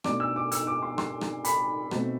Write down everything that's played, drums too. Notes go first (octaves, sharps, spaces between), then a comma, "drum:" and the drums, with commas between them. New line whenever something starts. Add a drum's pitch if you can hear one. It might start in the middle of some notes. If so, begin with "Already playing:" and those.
B2 A3 D4 D6, drum: rim click
E6
D6
E6, drum: hi-hat
D6
C6
C6, drum: rim click
drum: rim click
B5, drum: hi-hat
B2 A3 C4, drum: rim click